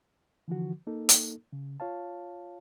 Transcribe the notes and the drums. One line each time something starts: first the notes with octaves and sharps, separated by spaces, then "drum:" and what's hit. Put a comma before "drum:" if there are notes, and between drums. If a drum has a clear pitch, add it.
D3 E3 F3 F#4
A#3 D#4 A4
drum: hi-hat
C#3
F4 C#5 F5 A5